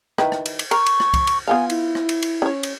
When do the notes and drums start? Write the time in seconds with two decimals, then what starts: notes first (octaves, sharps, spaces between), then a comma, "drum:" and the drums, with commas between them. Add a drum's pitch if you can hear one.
0.18 D#3 E4 B4, drum: rim click
0.32 drum: rim click
0.46 drum: cymbal
0.59 drum: cymbal
0.71 A#4 C#6, drum: cymbal
0.86 drum: cymbal
1.00 drum: rim click
1.14 drum: kick C2, cymbal
1.27 drum: cymbal
1.47 B3 F4 F5 G#5
1.70 E4, drum: cymbal
1.95 drum: rim click
2.09 drum: cymbal
2.22 drum: cymbal
2.42 C#4 C#5
2.63 drum: cymbal